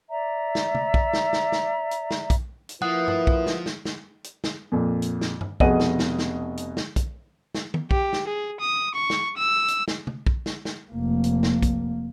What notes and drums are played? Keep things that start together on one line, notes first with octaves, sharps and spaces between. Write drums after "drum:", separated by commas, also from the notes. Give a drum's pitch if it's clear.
D5 E5 A#5
drum: snare
drum: tom
drum: kick
drum: snare
drum: snare
drum: snare
drum: hi-hat
drum: snare
drum: kick, hi-hat
drum: hi-hat
F3 A#3 E4 A#4 B4 F#5 D#6 F#6
drum: tom G2
drum: kick
drum: snare
drum: snare
drum: snare
drum: hi-hat
drum: snare
F2 A#2
drum: hi-hat
drum: snare
drum: tom G2
F1 B2 G#4 D#5 F#5 D#7, drum: kick
drum: snare
drum: snare
drum: snare
drum: hi-hat
drum: snare
drum: kick, hi-hat
drum: snare
drum: tom
G4, drum: kick
drum: snare
G#4
D#6
C#6
drum: snare
E6
drum: hi-hat
drum: snare
drum: tom
drum: kick
drum: snare
drum: snare
F1 A#3
drum: hi-hat
drum: snare
drum: kick, hi-hat